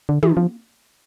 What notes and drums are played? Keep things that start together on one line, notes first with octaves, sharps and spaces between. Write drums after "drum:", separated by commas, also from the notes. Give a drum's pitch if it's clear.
D3
E3, drum: tom
F3